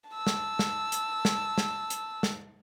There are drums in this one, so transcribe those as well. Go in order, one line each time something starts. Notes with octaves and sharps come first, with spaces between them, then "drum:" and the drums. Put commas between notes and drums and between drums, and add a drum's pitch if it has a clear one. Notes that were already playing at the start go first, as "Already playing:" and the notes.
A5 E6
drum: snare
drum: snare
drum: hi-hat
drum: snare
drum: snare
drum: hi-hat
drum: snare